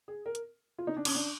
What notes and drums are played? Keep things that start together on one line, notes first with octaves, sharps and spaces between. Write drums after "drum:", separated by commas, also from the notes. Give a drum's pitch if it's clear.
G#4
A#4
drum: hi-hat
F4
D#4
D4
C#4, drum: cymbal
D4